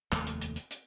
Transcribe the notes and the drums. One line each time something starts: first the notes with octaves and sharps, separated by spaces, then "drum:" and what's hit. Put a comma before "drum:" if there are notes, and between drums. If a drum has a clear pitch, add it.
F1 D#2 A3, drum: clap
drum: hi-hat
drum: hi-hat
drum: hi-hat
drum: hi-hat